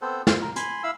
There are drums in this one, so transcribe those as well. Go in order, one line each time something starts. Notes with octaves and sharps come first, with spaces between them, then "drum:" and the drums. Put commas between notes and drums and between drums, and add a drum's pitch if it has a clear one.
B3 C4 A4 C5
C5 F5, drum: snare
A#4
G#5 B5 C6, drum: hi-hat
E4 F5 B5 E6